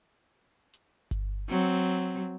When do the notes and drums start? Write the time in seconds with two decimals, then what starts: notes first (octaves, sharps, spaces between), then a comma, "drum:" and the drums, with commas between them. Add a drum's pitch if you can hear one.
0.74 drum: hi-hat
1.11 drum: kick G1, hi-hat
1.49 F#3 C4
1.86 drum: hi-hat